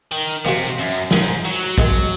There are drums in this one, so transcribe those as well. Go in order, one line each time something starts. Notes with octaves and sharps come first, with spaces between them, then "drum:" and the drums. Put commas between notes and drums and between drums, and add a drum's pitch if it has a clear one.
D#3
C3 D#3 A#3 C#4 F#4 C5
F#2
G#2 D#3 G#3 D#4 A#4, drum: snare
F#3
D#3 G#3 D#4 A#4, drum: kick